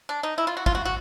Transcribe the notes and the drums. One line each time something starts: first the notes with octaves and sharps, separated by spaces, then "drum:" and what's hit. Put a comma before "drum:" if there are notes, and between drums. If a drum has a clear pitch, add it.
D4
D#4
E4
F4
F#4
F4, drum: kick
F#4
F#4